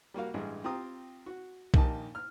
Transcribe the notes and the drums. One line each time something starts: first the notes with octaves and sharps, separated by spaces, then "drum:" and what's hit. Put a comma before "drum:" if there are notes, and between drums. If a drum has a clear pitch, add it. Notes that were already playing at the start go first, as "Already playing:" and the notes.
G3 A#3 F#4 F5
A1 G2 G#3
C4 F4 G4 A#5 D#6
F#4
A#1 D#2 A#3 D#4 G4 A5, drum: kick B1
F6